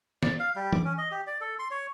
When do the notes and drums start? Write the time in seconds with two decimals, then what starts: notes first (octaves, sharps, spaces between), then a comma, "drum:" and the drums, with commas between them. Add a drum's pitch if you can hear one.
0.23 D5, drum: snare
0.39 F5
0.56 G3
0.73 D6, drum: tom E3
0.84 C#4
0.98 D#5
1.11 G4
1.27 D5
1.41 A4
1.59 C6
1.71 C#5